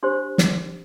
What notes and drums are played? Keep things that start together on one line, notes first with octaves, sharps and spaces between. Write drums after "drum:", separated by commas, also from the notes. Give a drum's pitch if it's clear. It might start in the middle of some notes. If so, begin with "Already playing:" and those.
D4 G4 C5 C6
drum: snare